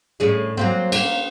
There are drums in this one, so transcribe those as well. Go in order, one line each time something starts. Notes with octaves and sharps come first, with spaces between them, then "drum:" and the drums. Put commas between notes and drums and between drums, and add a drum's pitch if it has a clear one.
A2 C#4 G#4
F#3 A#3 C4
A#3, drum: cymbal